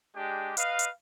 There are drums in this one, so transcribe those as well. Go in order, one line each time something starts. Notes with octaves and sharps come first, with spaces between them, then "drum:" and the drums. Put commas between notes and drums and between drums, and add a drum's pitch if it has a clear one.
G#3 D4 G4
B4 D#5 F5, drum: hi-hat
drum: hi-hat